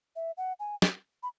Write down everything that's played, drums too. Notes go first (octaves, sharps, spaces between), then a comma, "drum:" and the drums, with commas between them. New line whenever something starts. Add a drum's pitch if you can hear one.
E5
F#5
G#5
drum: snare
B5